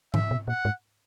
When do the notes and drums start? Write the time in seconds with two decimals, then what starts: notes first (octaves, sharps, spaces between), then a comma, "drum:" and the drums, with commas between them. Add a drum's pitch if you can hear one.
0.14 D#3 E5, drum: tom G#2
0.31 B2
0.48 A#2 F#5
0.65 G#2